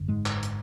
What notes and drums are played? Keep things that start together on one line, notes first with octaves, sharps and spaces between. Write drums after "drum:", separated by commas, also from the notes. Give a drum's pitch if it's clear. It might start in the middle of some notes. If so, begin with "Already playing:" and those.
Already playing: G#1 F#2 D3
G#2 G#3
drum: clap
drum: hi-hat